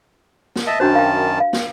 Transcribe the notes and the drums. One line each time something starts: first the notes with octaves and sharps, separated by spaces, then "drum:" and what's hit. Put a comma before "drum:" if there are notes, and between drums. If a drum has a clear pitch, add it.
drum: snare
D#5 E5 A5
F#2 D#3 D4 F#4 C5 A5
F5 G5
F5
drum: snare